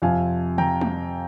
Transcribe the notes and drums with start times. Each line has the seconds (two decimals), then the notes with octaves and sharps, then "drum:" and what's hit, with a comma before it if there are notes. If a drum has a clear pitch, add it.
0.02 F2 C3 F3 F5 G#5
0.58 G5 A#5, drum: tom
0.81 drum: tom